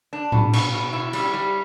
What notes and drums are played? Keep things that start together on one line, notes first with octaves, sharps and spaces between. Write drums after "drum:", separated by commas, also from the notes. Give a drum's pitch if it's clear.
D4
B2, drum: tom A2
B2, drum: cymbal
B2
E4
G3, drum: cymbal
G3